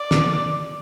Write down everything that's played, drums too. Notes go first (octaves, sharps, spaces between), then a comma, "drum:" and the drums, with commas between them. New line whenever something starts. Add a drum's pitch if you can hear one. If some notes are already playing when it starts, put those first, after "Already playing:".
Already playing: D5
drum: snare